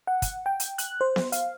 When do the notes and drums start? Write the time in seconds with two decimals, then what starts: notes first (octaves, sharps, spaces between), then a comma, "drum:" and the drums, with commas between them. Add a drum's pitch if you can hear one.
0.07 F#5
0.22 drum: kick, hi-hat
0.46 G5
0.60 drum: hi-hat
0.78 F#6, drum: hi-hat
1.01 C5
1.16 drum: snare B3
1.32 F5, drum: hi-hat